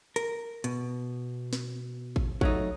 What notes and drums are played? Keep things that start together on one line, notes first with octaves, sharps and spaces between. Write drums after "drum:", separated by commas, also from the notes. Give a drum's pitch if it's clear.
A#4, drum: hi-hat
B2, drum: hi-hat
drum: snare
drum: kick G#1
F#3 A3 D#4, drum: kick G#1